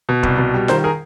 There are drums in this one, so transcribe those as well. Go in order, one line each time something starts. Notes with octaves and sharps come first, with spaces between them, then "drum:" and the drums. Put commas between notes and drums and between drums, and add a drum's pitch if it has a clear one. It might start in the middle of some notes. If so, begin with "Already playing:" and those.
B2
C2, drum: kick
B2
G3
D#3 A#4 C5, drum: snare F4
G#4 A#4